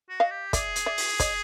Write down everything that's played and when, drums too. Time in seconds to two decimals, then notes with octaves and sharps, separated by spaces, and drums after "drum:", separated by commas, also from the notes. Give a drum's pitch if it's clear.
0.10 F#4
0.20 D#5 F5
0.31 G4
0.53 G#4 D5 E5, drum: kick, hi-hat
0.76 drum: hi-hat
0.86 D5 E5
0.98 drum: open hi-hat
1.20 C#5 D#5, drum: kick, hi-hat